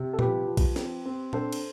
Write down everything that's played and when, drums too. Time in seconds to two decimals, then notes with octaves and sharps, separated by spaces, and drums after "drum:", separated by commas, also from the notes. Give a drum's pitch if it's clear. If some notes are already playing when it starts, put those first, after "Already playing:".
Already playing: C3
0.13 A4
0.19 F3 G4 B4, drum: tom A#2
0.47 F3
0.57 drum: kick B1, cymbal
0.76 C4, drum: snare
1.05 C4
1.33 D4 A4 C5, drum: tom A#2
1.53 drum: cymbal